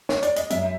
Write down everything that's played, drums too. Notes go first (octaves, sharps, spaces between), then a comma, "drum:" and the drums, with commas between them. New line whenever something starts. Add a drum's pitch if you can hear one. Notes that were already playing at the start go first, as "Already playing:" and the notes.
C#5, drum: snare
D5, drum: hi-hat
D#5, drum: hi-hat
F#2 E5, drum: hi-hat